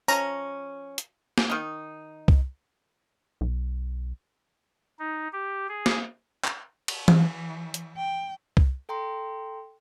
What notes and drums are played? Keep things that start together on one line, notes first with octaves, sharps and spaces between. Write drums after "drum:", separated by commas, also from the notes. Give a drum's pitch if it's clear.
F3 C#4 A#5, drum: tambourine
drum: hi-hat
drum: snare
D#3 D#4
drum: kick C2
B1
D#4
G4
G#4
drum: snare
drum: clap
drum: cymbal
E3, drum: tom E3
drum: hi-hat
G5
drum: kick C2
A4 G5 A#5 C6